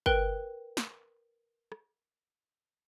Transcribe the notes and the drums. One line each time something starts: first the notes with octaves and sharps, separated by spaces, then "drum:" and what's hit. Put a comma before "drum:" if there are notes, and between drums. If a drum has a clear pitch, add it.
A#4 B4 G5 F#6, drum: kick G1
drum: snare
drum: rim click